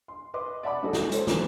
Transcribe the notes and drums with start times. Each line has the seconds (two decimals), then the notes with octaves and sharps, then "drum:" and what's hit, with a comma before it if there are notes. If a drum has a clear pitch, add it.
0.08 C6
0.34 B4 D#5 C6 D6
0.63 D5 E5 F#5 A5 B5 D6
0.83 F#3 C#4 D#4 F#4 G#4 A4
0.93 drum: snare
1.12 A4 C5 C#5, drum: hi-hat
1.27 E3 F#3 C4 C#4, drum: snare